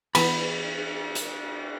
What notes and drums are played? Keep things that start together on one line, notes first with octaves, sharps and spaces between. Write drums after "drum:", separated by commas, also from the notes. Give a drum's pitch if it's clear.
E3 B3 B5, drum: cymbal
drum: hi-hat